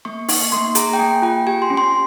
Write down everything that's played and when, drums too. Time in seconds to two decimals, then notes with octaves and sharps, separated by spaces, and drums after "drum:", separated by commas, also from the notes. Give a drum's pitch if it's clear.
0.05 A#3 C#6
0.29 D#4 C#6, drum: open hi-hat
0.52 A#3 C6
0.75 G#4 A#5, drum: hi-hat
0.93 G5
0.99 A#3 G#5
1.22 F4 G5
1.47 G4 G#5
1.62 C6
1.70 C#4
1.77 C6